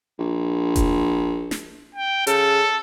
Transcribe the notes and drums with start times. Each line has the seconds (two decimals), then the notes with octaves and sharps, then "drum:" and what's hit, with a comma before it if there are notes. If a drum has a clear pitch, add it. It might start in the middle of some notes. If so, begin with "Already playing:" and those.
0.19 A#1
0.76 drum: kick F1, hi-hat
1.51 drum: snare
1.95 G5
2.27 C#3 A4, drum: hi-hat